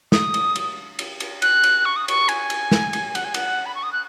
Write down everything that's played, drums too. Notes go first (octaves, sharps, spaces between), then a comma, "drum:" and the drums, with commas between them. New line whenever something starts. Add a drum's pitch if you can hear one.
D#6, drum: snare
drum: cymbal
drum: cymbal
drum: cymbal
drum: cymbal
F#6, drum: cymbal
drum: cymbal
C#6
D#6
C#6, drum: cymbal
G#5, drum: cymbal
drum: cymbal
drum: snare
drum: cymbal
F#5, drum: cymbal
G#5
F#5, drum: cymbal
B5
C#6
D#6
F#6